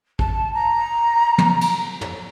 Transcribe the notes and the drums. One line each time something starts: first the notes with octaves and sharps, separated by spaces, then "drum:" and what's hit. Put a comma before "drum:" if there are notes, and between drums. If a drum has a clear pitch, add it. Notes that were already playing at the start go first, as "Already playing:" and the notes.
A5, drum: kick A1
A#5
drum: tom
drum: cymbal
drum: tom